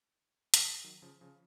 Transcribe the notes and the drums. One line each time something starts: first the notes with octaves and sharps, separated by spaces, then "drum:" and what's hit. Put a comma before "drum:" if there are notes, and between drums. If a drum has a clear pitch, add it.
drum: hi-hat
D#3 F#3
C#3 F3
C#3 F3